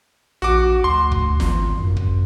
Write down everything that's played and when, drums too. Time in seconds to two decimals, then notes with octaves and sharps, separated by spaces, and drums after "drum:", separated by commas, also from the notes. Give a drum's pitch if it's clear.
0.42 A#1 F#4 D6
0.84 D2 C6
1.11 drum: kick
1.40 G#1, drum: snare
1.79 F#2
1.96 drum: kick